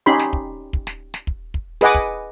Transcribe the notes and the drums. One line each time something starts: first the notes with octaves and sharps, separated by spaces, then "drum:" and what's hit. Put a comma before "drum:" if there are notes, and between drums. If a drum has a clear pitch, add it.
C#4 D#4 G4 B5 C6
drum: snare
drum: kick
drum: kick
drum: snare
drum: snare
drum: kick
drum: kick
G#4 B4 D#5 F#5 G#5 D6, drum: snare
drum: kick